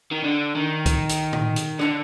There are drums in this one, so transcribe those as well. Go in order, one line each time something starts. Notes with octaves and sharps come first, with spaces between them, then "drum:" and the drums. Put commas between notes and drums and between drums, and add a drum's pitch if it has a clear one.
D#3
D3
D#3
drum: kick C2, hi-hat
drum: hi-hat
drum: tom A2
drum: hi-hat
D3, drum: rim click